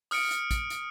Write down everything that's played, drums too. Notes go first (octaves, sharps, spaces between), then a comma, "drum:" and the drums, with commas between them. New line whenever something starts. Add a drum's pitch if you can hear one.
D#6 F6 C#7 D7, drum: open hi-hat
drum: hi-hat
drum: kick, hi-hat
drum: hi-hat